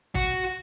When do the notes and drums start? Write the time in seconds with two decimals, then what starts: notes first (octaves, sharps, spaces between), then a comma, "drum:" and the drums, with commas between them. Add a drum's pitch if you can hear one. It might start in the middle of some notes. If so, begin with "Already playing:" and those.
0.15 F#4, drum: kick